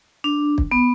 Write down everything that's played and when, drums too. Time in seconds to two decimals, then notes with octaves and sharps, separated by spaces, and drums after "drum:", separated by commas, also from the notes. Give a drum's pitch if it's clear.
0.24 D4
0.58 drum: kick
0.71 B3